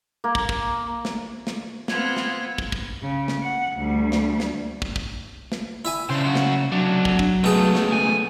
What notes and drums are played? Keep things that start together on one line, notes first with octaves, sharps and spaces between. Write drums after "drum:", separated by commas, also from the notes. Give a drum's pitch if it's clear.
A#3
drum: kick
drum: kick
drum: snare
drum: snare
B3 C4 F4 G#6, drum: snare
drum: snare
drum: kick
drum: kick
C#3
drum: snare
F#5
D2 G3
drum: snare
drum: snare
drum: kick
drum: kick
drum: snare
E4 E5 G#5
C#3 D4 C5
F#2 F#4
drum: snare
C3 F#3 D4
drum: kick
drum: kick
C#2 B2 A3 G#4
drum: snare
G#5